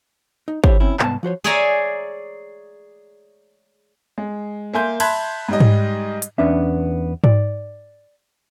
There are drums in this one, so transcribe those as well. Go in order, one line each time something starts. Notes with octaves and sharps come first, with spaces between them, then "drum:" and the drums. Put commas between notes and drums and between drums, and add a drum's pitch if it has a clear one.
D#4
D4 E4 G4 C5 C#5, drum: kick
C4 C#4 E4
C2 G#2 B3 A5, drum: clap
F3 F#4 C5 C#5
G#4 C#5 D5 E5 G#5 A#5
G#3
A#3 E5 G#5 C6 G6
E5 A5 B5 C6 F#6 G#6, drum: cymbal
G#2 G3 D#5
drum: tom G#2
drum: hi-hat
E2 B3 C#4 D4 E5
D5, drum: tom G#2